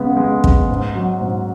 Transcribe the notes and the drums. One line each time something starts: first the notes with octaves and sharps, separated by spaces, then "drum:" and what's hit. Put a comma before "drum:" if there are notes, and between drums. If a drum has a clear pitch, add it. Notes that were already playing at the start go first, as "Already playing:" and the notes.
Already playing: C#3 G#3 B3
G#3
G#3, drum: kick
G#2
F#3
G#2